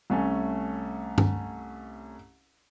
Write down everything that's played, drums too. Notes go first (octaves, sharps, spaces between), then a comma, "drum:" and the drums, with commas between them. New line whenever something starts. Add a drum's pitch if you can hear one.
C2 A3 C#4 A4 G#5
drum: tom G2